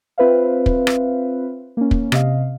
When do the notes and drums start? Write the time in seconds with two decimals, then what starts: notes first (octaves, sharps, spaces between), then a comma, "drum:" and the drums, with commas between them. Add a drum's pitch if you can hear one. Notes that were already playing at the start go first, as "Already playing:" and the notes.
0.18 C4 F4 B4 C5 E5 F5
0.66 drum: kick
0.87 drum: rim click
1.77 A#3 C#4
1.91 drum: kick
2.12 C3 D#5 F5, drum: rim click